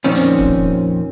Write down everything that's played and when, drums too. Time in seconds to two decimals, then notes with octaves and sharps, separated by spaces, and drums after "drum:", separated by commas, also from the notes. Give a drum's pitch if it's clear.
0.04 F2 A#2 D#3 C4 C#4
0.15 drum: hi-hat
0.39 drum: kick